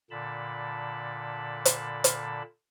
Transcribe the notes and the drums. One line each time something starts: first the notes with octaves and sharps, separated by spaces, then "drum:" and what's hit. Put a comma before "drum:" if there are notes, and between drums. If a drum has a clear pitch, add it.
A#2 D3 A5 B5
drum: hi-hat
drum: hi-hat